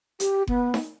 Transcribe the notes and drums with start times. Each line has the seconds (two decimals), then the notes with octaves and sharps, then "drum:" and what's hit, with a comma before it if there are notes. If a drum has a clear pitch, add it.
0.20 G4, drum: hi-hat
0.47 B3, drum: kick F#1
0.74 drum: snare D#4